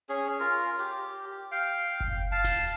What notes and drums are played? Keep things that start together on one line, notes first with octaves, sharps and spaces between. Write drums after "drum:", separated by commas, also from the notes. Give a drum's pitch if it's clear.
C#4 G#4
F4 A#4
G4, drum: hi-hat
F5 G5
drum: kick F#1
F5 A5
drum: snare E1